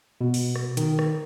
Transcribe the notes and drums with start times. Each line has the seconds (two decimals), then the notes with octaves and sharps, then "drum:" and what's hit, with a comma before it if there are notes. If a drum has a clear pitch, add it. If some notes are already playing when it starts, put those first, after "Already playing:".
0.21 B2
0.34 drum: open hi-hat
0.56 drum: rim click
0.77 D#3, drum: hi-hat
0.99 drum: rim click